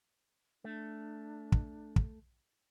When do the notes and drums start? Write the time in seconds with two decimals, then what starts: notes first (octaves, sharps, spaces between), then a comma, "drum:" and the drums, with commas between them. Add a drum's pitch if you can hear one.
0.64 A3 D4
1.52 drum: kick
1.96 drum: kick